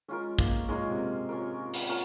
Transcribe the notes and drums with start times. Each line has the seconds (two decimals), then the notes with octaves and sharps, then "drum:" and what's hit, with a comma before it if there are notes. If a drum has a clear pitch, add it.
0.08 G#3 C#4 F4 A#4
0.39 A#3, drum: kick
0.69 G#3 C#4 F4 A#4
0.89 C3
1.29 C#4 F4 A#4
1.74 drum: open hi-hat
1.89 C#4 F4 A#4